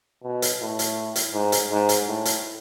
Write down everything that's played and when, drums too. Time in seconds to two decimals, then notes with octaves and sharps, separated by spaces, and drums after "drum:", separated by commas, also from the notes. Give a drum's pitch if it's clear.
0.24 B2
0.42 drum: hi-hat
0.61 A2
0.79 drum: hi-hat
1.16 drum: hi-hat
1.34 G#2
1.52 drum: hi-hat
1.71 G#2
1.89 drum: hi-hat
2.08 A2
2.25 drum: hi-hat